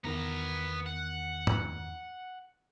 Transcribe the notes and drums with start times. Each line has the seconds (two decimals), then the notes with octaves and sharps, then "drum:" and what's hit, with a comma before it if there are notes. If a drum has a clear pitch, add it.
0.04 E2 D#3 B3 A#5
0.86 F#5
1.47 drum: tom